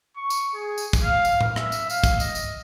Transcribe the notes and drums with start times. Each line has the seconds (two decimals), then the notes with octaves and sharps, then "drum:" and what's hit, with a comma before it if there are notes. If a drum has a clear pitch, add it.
0.16 C#6
0.30 drum: tambourine
0.54 G#4
0.78 drum: tambourine
0.93 drum: kick, tambourine
1.03 F5
1.25 drum: tambourine
1.41 drum: tom A2
1.56 E5, drum: rim click
1.72 drum: tambourine
1.90 F5, drum: tambourine
2.04 drum: kick, tambourine
2.20 D#5, drum: tambourine
2.35 drum: tambourine